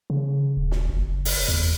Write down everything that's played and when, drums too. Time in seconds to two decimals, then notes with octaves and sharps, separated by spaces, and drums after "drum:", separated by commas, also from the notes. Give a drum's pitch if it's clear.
0.10 C#3
0.57 D#1
0.71 drum: snare
0.89 F#1
1.25 drum: open hi-hat
1.48 E2